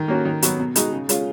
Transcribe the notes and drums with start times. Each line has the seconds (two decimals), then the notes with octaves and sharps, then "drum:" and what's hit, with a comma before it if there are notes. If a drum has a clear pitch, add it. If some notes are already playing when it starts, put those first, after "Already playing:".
Already playing: D#3
0.08 A#3 C#4 F#4
0.25 D#3
0.42 F#3 B3 F#4, drum: hi-hat
0.59 B2
0.76 G#3 D#4 F#4, drum: hi-hat
0.92 C#3
1.09 G#3 C#4 F4, drum: hi-hat